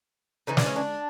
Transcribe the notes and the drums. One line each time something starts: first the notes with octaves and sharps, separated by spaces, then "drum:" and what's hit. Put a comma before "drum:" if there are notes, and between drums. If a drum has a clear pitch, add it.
C#3 E3 G#3 D#4
D4, drum: snare
C#4
D4